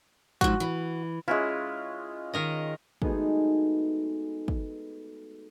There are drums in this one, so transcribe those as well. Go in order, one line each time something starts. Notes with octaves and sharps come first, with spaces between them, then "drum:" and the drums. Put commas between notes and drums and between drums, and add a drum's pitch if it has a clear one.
G#2 F3 F#4, drum: kick
E3
G#3 C#4 E4 F4
D#3 A#4 D#5
G#3 A3 B3 D#4 F#4 G#4, drum: kick
drum: kick